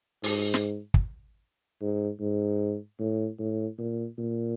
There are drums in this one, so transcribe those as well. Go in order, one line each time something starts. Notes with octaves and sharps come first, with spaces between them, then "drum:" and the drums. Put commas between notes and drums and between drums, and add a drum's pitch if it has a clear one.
G#2, drum: open hi-hat
drum: snare
drum: kick
G#2
G#2
A2
A2
A#2
A#2